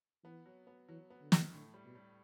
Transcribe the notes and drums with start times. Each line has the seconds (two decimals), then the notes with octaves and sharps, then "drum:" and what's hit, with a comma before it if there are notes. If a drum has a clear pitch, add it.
0.24 E3 B3
0.46 F#3
0.67 B3
0.88 E3 F#3
1.10 B3
1.21 D3
1.32 D2, drum: snare
1.53 A2 D3
1.74 G3
1.85 B2
1.95 G3